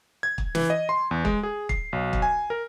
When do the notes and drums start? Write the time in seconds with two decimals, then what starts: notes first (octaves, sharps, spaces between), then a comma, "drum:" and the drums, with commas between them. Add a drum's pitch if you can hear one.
0.23 G#6
0.38 drum: kick
0.55 E3, drum: snare
0.70 D#5
0.89 C6
1.11 E2
1.25 G#3, drum: kick
1.43 G#4
1.69 C7, drum: kick
1.93 B1
2.13 drum: kick
2.22 G#5
2.50 A#4